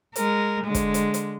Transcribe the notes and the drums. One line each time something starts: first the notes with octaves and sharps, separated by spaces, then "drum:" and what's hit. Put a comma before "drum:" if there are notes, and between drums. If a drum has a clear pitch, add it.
G#3 A#4, drum: hi-hat
D3 G#3
drum: kick, hi-hat
drum: hi-hat
drum: hi-hat